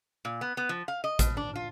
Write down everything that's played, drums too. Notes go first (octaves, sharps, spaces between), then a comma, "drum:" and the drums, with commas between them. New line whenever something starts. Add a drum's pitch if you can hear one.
A#2
B3
B3
F3
F5
D#5
B2, drum: kick A1, hi-hat
D4
F4